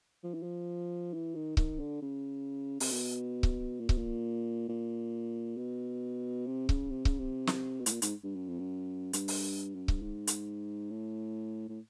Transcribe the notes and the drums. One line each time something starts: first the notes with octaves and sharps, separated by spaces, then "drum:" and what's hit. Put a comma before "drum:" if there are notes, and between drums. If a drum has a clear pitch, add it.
F3
E3
F3
E3
D#3
D#3, drum: kick C#1
D3
C#3
C3, drum: open hi-hat
B2
drum: kick C#1
A#2
B2, drum: kick C#1
A#2
A#2
B2
C3
C#3, drum: kick C#1
C3
C#3, drum: kick C#1
C3
drum: snare
B2
A2, drum: hi-hat
A#2
G#2, drum: hi-hat
G2
F#2
F2
F#2
G2, drum: hi-hat
drum: open hi-hat
F#2
G2, drum: kick C#1
G#2
drum: hi-hat
A2
A2